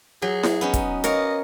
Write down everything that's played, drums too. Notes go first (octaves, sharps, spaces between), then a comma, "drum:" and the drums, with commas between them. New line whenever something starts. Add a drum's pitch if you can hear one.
F#3 G#4
drum: snare E4
B3 C#4 D#4
drum: kick, hi-hat
A#4 C#5 D#5 F5, drum: hi-hat